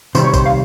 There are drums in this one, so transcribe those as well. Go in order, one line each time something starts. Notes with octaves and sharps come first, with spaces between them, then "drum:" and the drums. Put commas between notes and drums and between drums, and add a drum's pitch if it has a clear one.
C3 D#3 G3 C5, drum: tambourine
C#5
C5, drum: kick, tambourine
F5